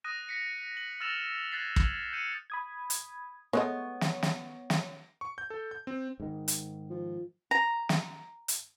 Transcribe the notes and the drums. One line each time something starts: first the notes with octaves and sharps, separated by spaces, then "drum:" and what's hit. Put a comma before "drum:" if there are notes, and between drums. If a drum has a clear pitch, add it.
D#6 F#6 A#6 D#7
B6 C#7
F#7
E6 F6 A6 A#6 E7 F7
F#6 G#6 A6 B6 C7 F#7
drum: kick
G6 C#7 D#7
B5 D#6 G#6
drum: hi-hat
G#3 A3 B3 C#5 D#5
drum: snare
drum: snare
drum: snare
C#6
G6
A4
G6
C4
G#2 D#3
drum: hi-hat
F3
A#5
drum: snare
drum: hi-hat